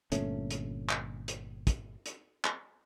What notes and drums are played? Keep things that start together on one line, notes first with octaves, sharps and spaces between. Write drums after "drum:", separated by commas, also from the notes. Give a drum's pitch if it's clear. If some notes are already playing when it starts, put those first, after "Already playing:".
G1 A#2 A3 C#4, drum: hi-hat
drum: hi-hat
drum: clap
drum: hi-hat
drum: kick, hi-hat
drum: hi-hat
drum: clap